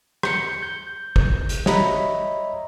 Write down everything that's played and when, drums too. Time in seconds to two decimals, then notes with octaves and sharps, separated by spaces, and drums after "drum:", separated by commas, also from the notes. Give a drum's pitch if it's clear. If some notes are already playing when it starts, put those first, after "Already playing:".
0.23 G6 C#7, drum: rim click
0.62 G6
1.16 drum: kick
1.49 drum: hi-hat
1.66 C#5 D#5 E5 A#5 B5, drum: snare